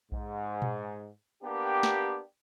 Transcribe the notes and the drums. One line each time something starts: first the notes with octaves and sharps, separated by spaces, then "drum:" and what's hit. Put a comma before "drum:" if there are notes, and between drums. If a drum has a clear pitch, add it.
G#2, drum: kick A#1
drum: tom A#2
A#3 B3 D4 G4
drum: snare